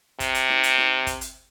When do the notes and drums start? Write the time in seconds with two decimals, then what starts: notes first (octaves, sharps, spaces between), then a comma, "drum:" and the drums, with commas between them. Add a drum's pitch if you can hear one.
0.20 C3, drum: kick, hi-hat
0.35 drum: hi-hat
0.49 drum: snare D#4
0.63 drum: hi-hat
0.78 drum: snare D#4
1.07 drum: kick, hi-hat
1.21 drum: hi-hat